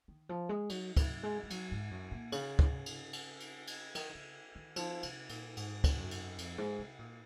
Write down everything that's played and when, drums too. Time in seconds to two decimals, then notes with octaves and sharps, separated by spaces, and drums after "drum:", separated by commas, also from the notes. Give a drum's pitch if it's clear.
0.08 D#3
0.29 F3
0.49 G#3
0.69 F#3, drum: cymbal
0.97 F#3, drum: kick, cymbal
1.23 G#3
1.43 G#3
1.50 F#3, drum: cymbal
1.71 G#2
1.91 F#2
2.11 A#2
2.32 C#3, drum: cymbal
2.59 drum: kick
2.86 drum: cymbal
3.13 drum: cymbal
3.40 drum: cymbal
3.67 drum: cymbal
3.95 D#3, drum: cymbal
4.15 C#3
4.55 D#3
4.76 F3, drum: cymbal
5.03 C3, drum: cymbal
5.29 A#2, drum: cymbal
5.57 G#2, drum: cymbal
5.84 drum: kick, cymbal
5.97 F#2
6.11 drum: cymbal
6.38 F2, drum: cymbal
6.58 G#2
6.79 C3
6.99 A#2